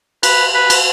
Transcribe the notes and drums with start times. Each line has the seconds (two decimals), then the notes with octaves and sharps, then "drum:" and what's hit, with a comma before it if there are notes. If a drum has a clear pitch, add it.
0.23 B4, drum: cymbal
0.55 B4
0.70 drum: cymbal